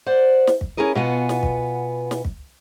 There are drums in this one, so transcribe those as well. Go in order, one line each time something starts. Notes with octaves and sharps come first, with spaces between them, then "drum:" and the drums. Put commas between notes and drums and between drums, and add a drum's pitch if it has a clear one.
C5 D5 F#5
drum: snare
drum: kick
C#4 E4 G#4 A#4 D#5
B2 B3 F4 F#5 G#5
drum: snare
drum: kick
drum: snare
drum: kick